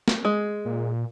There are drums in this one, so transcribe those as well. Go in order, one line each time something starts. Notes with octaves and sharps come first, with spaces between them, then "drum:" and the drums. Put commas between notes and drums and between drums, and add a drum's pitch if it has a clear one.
drum: snare
G#3
A#2